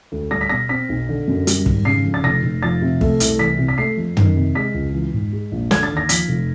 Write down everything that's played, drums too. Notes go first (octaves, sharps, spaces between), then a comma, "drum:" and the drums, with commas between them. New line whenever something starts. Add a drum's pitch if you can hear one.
D2
G3 A#6
B6
B2 A#6
C4 B6
B1
D3
F#2
G3, drum: hi-hat
G#1, drum: kick
C#3 C7
F2
A6
F1 A#6
F1
F3 A6
C3
A3, drum: kick
C2, drum: hi-hat
E3 B6
C3
B6
A3 C7
F2
D#3, drum: tom
C3
G#3 B6
C#2
E3
G#2
G#3
A#1
D3 G#6, drum: snare
A6
D#2
A#6
F3 B6, drum: hi-hat
F1